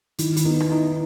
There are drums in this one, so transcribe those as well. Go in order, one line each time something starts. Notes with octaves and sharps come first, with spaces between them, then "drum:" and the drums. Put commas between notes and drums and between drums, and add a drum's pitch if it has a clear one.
D#3 E4, drum: hi-hat
E4, drum: hi-hat
B3 D#4
E4, drum: rim click
D#4 E4